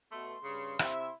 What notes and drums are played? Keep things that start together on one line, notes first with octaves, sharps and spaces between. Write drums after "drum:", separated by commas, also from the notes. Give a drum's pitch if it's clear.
B2 A3 C6
G2 C#3
C3 E4 E5, drum: rim click